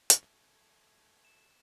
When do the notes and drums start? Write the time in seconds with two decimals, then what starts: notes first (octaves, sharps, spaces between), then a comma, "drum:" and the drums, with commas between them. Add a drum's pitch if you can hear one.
0.10 A3 G#5, drum: hi-hat
1.25 E7